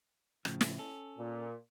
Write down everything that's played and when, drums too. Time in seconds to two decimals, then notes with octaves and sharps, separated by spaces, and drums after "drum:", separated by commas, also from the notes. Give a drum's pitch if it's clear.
0.45 A2 C#3 F3, drum: rim click
0.61 drum: snare
0.78 C#4 A4
1.18 A#2